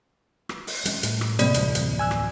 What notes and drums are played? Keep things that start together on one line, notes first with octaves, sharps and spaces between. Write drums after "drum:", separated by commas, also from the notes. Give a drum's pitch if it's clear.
drum: rim click
drum: open hi-hat
G3 G#3 C#4, drum: hi-hat
A2, drum: hi-hat
drum: rim click
C3 G3 A#3 D5, drum: hi-hat
D1 F2 E3, drum: hi-hat
drum: hi-hat
G#5 E6 F#6
drum: rim click